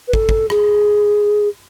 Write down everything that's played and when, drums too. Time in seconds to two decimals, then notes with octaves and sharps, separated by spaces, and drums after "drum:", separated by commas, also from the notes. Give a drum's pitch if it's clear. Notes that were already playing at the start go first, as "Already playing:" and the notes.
0.08 B4
0.13 A4, drum: kick
0.29 drum: kick
0.50 G#4, drum: rim click